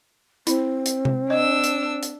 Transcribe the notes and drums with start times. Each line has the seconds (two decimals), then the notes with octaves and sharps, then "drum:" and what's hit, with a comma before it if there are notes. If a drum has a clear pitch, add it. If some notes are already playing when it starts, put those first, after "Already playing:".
0.47 C4 E4, drum: hi-hat
0.86 drum: hi-hat
1.05 drum: tom C3
1.30 D4 D#5 E6
1.64 drum: hi-hat
2.03 drum: hi-hat